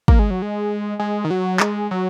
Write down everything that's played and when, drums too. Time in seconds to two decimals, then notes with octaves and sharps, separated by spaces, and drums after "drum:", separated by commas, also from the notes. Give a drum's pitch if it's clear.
0.08 A#3, drum: kick
0.19 G#3
0.30 F#3
0.42 G#3
0.99 G#3
1.24 D#3
1.30 F#3
1.60 G#3, drum: clap
1.91 F#3